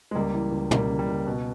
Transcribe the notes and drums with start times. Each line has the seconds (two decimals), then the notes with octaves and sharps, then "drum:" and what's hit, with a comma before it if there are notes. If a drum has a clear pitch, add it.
0.11 G#3
0.15 C#2 G3 A#3
0.34 E3
0.52 C#2
0.71 C#2 G3 A#3, drum: tom
0.89 C#3
0.99 G3
1.08 C#2
1.27 B2